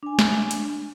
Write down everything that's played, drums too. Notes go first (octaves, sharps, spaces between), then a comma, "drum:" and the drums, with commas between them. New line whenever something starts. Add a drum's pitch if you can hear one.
D4 G#5
drum: snare
drum: hi-hat